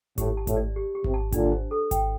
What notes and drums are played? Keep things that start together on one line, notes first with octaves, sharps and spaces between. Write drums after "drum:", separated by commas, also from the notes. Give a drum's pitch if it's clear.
A2 G4, drum: kick G#1, hi-hat
A5
A2, drum: kick G#1, hi-hat
D5
G4
G4
C3, drum: kick G#1
A5
A#2 D3 D4, drum: kick G#1, hi-hat
C5
A4
G5, drum: kick G#1, hi-hat